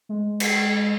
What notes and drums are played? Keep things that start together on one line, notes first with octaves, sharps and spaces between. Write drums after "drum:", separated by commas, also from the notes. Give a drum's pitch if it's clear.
G#3
drum: cymbal